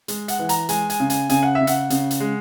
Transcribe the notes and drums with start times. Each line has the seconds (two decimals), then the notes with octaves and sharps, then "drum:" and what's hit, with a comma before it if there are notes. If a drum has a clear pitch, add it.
0.08 G#3, drum: hi-hat
0.28 F#5, drum: hi-hat
0.39 E3
0.49 A#5, drum: hi-hat
0.69 G#3 G#5, drum: hi-hat
0.90 G#5, drum: hi-hat
1.00 C#3
1.10 G#5, drum: hi-hat
1.29 C#3 G#5, drum: hi-hat
1.43 F#5
1.55 E5
1.61 C#3
1.67 F#5, drum: hi-hat
1.90 C#3, drum: hi-hat
2.11 drum: hi-hat
2.20 G#3